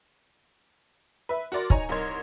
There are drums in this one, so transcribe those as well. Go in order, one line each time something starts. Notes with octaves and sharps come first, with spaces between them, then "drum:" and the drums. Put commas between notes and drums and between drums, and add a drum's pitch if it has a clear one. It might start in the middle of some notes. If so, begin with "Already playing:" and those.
B4 E5
F#4 A#4 D5 C6
D#4 C#5 G#5 A#5, drum: kick
C2 D#4 A#4 C#5 C6 G#6